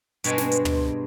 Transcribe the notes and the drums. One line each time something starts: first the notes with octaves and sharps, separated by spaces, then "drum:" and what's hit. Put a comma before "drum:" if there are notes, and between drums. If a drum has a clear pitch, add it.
G2 B2 G#3 C4, drum: hi-hat
drum: snare
drum: hi-hat
drum: tom